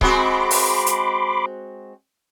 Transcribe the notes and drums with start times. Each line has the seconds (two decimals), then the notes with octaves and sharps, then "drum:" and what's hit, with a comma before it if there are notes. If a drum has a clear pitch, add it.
0.01 G#3 C4 F#4 B5 C6 D6, drum: kick C#1
0.51 drum: open hi-hat
0.86 drum: hi-hat